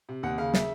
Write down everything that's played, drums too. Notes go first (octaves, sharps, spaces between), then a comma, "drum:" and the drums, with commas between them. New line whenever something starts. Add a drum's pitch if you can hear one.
C3
D#2 F#5
C#3 F5
E5, drum: snare